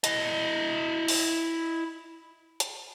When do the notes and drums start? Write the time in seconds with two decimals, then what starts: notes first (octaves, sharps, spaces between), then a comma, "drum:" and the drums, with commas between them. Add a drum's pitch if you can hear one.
0.04 E4 D#5, drum: hi-hat
1.08 drum: open hi-hat
2.60 drum: hi-hat